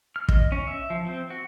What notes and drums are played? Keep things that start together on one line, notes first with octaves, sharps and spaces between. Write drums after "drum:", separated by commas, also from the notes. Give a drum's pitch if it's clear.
F6
D#5, drum: kick
C#4
E5
F3
C4
F#4